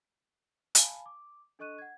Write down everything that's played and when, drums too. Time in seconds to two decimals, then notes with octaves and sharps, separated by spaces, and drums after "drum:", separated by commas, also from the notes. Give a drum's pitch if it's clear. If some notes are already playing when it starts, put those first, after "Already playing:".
0.75 F5 G#5 A5 B5, drum: hi-hat
1.06 D6
1.59 D4 A4 D#5 C#6 F#6 D#7
1.78 F#5 G#6